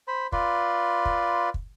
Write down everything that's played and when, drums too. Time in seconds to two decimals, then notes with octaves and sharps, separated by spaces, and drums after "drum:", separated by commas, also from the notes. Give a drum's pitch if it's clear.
0.08 C5 B5
0.32 F4 B4 D5 C6, drum: kick
1.05 drum: kick
1.54 drum: kick